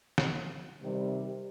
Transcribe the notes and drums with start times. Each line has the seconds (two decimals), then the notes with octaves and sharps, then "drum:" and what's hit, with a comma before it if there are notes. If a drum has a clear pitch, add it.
0.18 drum: snare
0.82 C3 D#3 G3